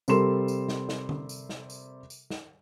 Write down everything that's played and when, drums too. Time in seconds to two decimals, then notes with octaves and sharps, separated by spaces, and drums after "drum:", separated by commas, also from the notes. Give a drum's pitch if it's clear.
0.08 C3 G3 A4 A#4 C6 E7, drum: tambourine
0.48 drum: tambourine
0.69 drum: snare
0.89 drum: snare
1.09 drum: tom D3
1.29 drum: tambourine
1.49 drum: snare
1.70 drum: tambourine
2.10 drum: tambourine
2.30 drum: snare